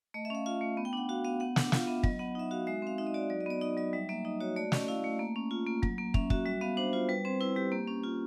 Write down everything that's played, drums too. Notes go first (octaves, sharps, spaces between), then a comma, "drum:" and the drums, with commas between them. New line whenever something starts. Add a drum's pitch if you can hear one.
A3 D#5
E5
C#4 F5
F4 F5
A3
B3
G5
D4 F#5
F#4 F5
B3 F5
B3 F#5
D4 F#5, drum: snare
F4 F5, drum: snare
B3 E5
F#3 D#5, drum: kick
B3 F#5
D#4 E5
F#4 F5
G#3 E5
C4 F5
D#4 E5
D#5
F#4 D5
F#3 D5
D#5
B3 D5
D#4 D#5
F#3 D#5
G3 E5
A#3 E5
D#4 D#5
F#4 C#5
A3 D5
C#4 D#5, drum: snare
E4 F5
A3
A#3
C#4
F4
A#3
F#3, drum: kick
A#3
C#4 E5, drum: kick
F#4 E5, drum: kick
G3 E5
B3 F5
D4 C5
F4 C5
G3 B4
C4 C5
E4 B4
G3 G4
A#3
C#4
F4